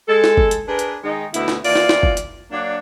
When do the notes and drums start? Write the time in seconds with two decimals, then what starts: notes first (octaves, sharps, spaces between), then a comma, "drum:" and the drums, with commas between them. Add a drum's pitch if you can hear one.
0.08 G#3 A4
0.24 drum: snare
0.37 drum: kick
0.51 drum: hi-hat
0.68 D4 G#4 A#4 B4
0.79 drum: hi-hat
1.03 D#3 G#3 D#4
1.34 D2 B2 B3 E4, drum: hi-hat
1.48 drum: snare
1.64 D#2 E3 A#3 F4 D5, drum: open hi-hat
1.76 drum: snare
1.89 drum: snare
2.03 drum: kick
2.17 drum: hi-hat
2.51 F#3 A#3 D4